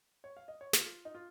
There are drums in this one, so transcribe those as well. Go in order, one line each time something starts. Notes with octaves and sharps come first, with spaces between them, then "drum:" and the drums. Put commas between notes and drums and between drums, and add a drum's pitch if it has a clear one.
C#5
F5
D#5
C#5
F4, drum: snare
D#4
F4